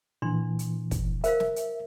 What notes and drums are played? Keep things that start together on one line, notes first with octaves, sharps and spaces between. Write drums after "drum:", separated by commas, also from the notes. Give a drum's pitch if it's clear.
A#2 E3 D4 C6
drum: hi-hat
drum: kick, hi-hat
A#4 C5 E5 F5, drum: hi-hat
drum: snare
drum: hi-hat